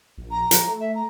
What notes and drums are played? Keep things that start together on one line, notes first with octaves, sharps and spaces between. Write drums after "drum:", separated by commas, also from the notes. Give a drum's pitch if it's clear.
A#1
A#5
F3, drum: hi-hat
A3
E5
A#5